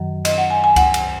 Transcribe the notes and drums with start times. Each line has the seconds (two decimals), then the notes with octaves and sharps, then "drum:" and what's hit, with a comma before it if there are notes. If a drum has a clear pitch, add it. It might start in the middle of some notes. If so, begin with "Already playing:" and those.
Already playing: F#2 D#3 F#3
0.25 D#5, drum: cymbal
0.38 F#5
0.50 G#5
0.64 G#5
0.76 F#5, drum: kick C#2, cymbal
0.94 drum: cymbal